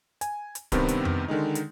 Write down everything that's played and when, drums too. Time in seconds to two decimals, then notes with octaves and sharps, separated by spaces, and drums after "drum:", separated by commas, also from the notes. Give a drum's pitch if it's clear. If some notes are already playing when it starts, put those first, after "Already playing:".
0.21 G#5, drum: hi-hat
0.55 drum: hi-hat
0.72 G2 C3 D#3 B3 C4, drum: kick D1, hi-hat
0.88 drum: hi-hat
1.05 drum: tom F2
1.28 D3 D#3 G#3 D#4
1.55 drum: hi-hat